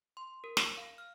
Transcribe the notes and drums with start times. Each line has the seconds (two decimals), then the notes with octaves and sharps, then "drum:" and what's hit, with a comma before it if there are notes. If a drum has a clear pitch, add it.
0.17 C6
0.44 A#4
0.57 drum: snare
0.78 F5
0.98 F6